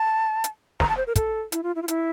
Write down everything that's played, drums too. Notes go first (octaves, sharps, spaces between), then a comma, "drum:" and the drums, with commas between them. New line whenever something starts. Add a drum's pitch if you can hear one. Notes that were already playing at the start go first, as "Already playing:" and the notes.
Already playing: A5
drum: hi-hat
A#5, drum: snare
A5
C5
A#4
A4, drum: kick, hi-hat
E4, drum: hi-hat
F4
E4
F4
E4, drum: hi-hat